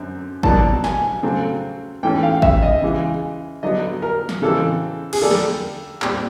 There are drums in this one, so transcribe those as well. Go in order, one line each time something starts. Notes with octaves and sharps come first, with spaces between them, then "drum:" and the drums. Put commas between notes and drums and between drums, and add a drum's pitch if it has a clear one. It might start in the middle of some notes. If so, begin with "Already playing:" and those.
Already playing: F#2 D3 C4
B2 F#3 A#3 D4 A5, drum: kick G#1
G#5, drum: snare
C#3 F#3 A3 C4
G#2 E3 A3 C#4 G5
F5
E5, drum: kick G#1
D#5
C#3 E3 G#3
D3 F#3 B3 D#5
A#4
drum: snare
C#3 E3 G#3 C4 A4
G#4, drum: cymbal
D3 G3 A#3 D4 A4
drum: snare
A#2 G3 C4, drum: clap